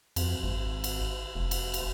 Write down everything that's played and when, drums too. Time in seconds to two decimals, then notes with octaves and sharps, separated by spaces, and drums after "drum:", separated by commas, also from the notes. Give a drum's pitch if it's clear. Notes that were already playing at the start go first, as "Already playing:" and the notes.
0.16 F2, drum: cymbal
0.43 G#1
0.84 drum: cymbal
1.35 F1
1.51 drum: cymbal
1.74 drum: cymbal